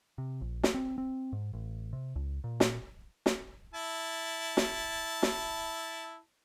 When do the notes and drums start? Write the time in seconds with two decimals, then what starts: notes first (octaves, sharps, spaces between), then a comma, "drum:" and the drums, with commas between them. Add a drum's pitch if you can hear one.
0.18 C3
0.41 A#1
0.63 drum: snare
0.74 C4
0.98 C4
1.33 G#2
1.53 A1
1.93 C3
2.16 C#2
2.44 A#2
2.60 drum: snare
3.26 drum: snare
3.74 E4 A5
4.57 drum: snare
5.23 drum: snare